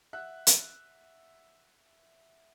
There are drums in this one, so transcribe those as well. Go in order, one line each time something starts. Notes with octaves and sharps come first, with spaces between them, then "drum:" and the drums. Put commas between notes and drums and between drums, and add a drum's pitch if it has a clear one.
E5 F#5 F#6
drum: hi-hat